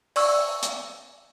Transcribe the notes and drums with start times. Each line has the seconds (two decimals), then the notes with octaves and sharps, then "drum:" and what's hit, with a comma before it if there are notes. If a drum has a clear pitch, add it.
0.16 D5 C#6 E6, drum: open hi-hat
0.63 drum: hi-hat